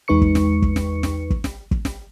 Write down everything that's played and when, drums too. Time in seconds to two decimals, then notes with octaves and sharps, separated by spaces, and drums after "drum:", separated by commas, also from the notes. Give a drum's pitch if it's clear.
0.08 E2 G#3 D#4 B4 C#6 C#7
0.21 drum: kick
0.35 drum: snare
0.62 drum: kick
0.76 drum: snare
1.03 drum: snare
1.30 drum: kick
1.44 drum: snare
1.71 drum: kick
1.85 drum: snare